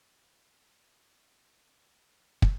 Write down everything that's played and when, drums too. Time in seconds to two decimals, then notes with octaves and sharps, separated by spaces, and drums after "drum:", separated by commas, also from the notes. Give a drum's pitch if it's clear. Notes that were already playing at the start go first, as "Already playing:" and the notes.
0.35 G#3 B3 D4
0.64 G#4 C5 D5
1.84 G#2 B2 G#3 A#3 B3
2.08 G#3 E4
2.42 drum: kick